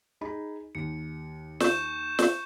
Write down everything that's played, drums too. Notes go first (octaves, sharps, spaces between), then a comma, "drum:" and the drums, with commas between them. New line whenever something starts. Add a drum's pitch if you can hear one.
D#4 G#4 B5
D#2 C#7
C#6 G6 E7, drum: snare
drum: snare